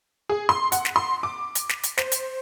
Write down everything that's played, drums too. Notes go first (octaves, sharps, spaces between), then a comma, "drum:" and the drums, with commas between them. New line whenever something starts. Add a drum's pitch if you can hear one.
G#4
C6
F#5, drum: hi-hat
drum: snare
C6
D6
drum: hi-hat
drum: snare
drum: hi-hat
C5, drum: snare
drum: hi-hat